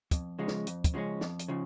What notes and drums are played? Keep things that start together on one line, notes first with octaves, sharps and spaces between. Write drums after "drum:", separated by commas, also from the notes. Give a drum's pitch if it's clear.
F2, drum: kick, hi-hat
C#3 F3 G#3 C#4
drum: snare
F2, drum: hi-hat
drum: kick, hi-hat
C#3 F3 G#3 C#4
F2, drum: snare
drum: hi-hat
C#3 F3